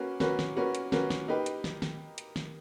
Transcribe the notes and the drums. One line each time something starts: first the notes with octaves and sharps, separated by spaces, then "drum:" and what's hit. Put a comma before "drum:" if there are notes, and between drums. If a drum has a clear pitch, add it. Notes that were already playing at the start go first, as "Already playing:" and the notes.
Already playing: A#3 C#4 F#4 B4
A#3 C#4 F#4 B4, drum: snare
drum: snare
A#3 C#4 F#4 B4
drum: hi-hat
A#3 C#4 F#4 B4, drum: snare
drum: snare
A#3 D#4 G4 B4
drum: hi-hat
drum: snare
drum: snare
drum: hi-hat
drum: snare